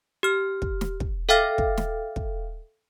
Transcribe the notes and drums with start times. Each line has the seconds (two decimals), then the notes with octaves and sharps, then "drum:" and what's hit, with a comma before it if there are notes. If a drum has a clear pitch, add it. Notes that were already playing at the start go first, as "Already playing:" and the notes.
0.23 G4 F6
0.62 drum: kick
0.81 drum: snare
1.00 drum: kick
1.29 A4 E5 F5 G5 F6 A6
1.58 drum: kick
1.77 drum: snare
2.16 drum: kick